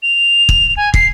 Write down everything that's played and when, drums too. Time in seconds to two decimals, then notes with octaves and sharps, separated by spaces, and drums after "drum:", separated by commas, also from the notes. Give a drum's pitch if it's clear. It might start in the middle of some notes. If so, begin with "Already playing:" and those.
0.02 F7
0.49 drum: kick
0.77 G#5
0.94 C7, drum: kick